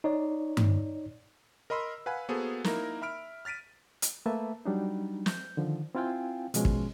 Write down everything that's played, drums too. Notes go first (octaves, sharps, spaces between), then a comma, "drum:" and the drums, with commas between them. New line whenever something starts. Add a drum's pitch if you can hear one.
D#4 C#5 D5
drum: tom G2
A#4 D#5 B5 C6 E6
B4 F5 F#5 G#5 B5
A#3 B3 F#4 G#4 A4 C5
A#3 D#4 E4 A#4, drum: snare
E5 B5 F6 D7
F6 A6 B6 D7 D#7
drum: hi-hat
A3 A#3 B4 E5 A5
F#3 G3 D4 D#4
G6, drum: snare
D3 D#3 F3
C4 E4 F4 F5 G5 G#5
B2 F3 G#3 C#4, drum: hi-hat
drum: kick